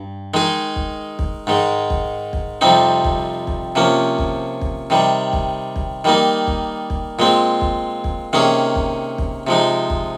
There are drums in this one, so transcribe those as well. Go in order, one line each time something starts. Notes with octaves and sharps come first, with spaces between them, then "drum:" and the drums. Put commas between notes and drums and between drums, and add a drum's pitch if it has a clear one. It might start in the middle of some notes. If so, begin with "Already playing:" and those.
Already playing: G2
D#3 G#3 D#4 G#4
drum: kick
drum: kick
G#2 D#3 G#3
drum: kick
drum: kick
F2 C3 G3 C4 D#4
drum: kick
drum: kick
C3 F3 A#3 C#4
drum: kick
drum: kick
C3 D#3 G3
drum: kick
drum: kick
D#3 G3 A#3 D#4
drum: kick
drum: kick
A#2 G#3 C4
drum: kick
drum: kick
C3 D#3 A#3 C#4 G#4
drum: kick
drum: kick
C3 F3 G#3 D#4
drum: kick